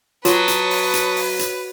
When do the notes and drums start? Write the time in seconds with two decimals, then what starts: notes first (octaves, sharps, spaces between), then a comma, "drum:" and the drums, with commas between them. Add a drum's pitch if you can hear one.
0.25 F#3 F4 B4 A5 C#6 D#6, drum: hi-hat
0.48 drum: hi-hat
0.71 drum: open hi-hat
0.94 drum: hi-hat
1.16 drum: open hi-hat
1.39 drum: hi-hat